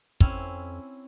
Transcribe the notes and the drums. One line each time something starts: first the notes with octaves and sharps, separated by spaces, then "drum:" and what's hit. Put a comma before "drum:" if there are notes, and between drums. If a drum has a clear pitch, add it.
F2 C4 C#4 E4, drum: kick